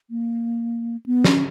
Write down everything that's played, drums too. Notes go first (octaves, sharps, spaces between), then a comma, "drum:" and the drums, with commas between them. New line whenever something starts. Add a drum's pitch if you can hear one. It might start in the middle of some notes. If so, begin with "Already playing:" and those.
A#3
B3
C#4, drum: snare